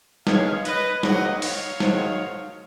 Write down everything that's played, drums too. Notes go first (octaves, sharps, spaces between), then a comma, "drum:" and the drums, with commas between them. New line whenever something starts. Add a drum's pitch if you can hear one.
D#3 G#3 B3 C#5 F5, drum: snare
B4 D#5, drum: hi-hat
G#2 D#3 F#3 A#3 D#5 F#5, drum: snare
C#5 F5, drum: open hi-hat
G#2 D#3 F#3, drum: snare